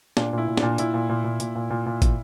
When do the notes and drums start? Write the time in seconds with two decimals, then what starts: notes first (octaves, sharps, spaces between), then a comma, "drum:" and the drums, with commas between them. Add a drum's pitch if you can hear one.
0.17 A#2 D4, drum: snare
0.33 A#2 E4
0.48 A#2
0.57 D4, drum: snare
0.63 A#2
0.78 A#2 E4, drum: hi-hat
0.94 A#2
1.09 A#2
1.24 A#2
1.40 A#2, drum: hi-hat
1.55 A#2
1.70 A#2
1.86 A#2
2.02 A#2, drum: kick, hi-hat